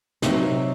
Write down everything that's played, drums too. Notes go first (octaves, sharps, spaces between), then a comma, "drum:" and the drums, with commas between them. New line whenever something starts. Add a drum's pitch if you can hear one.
C3 F#3 D#4, drum: snare